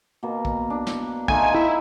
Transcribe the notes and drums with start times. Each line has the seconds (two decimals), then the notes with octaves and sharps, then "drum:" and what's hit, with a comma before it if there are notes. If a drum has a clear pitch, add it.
0.23 B2 A#3
0.45 drum: kick B1
0.70 D4
0.87 drum: snare
1.28 A3 D#4 F4 G#5, drum: kick B1
1.54 E4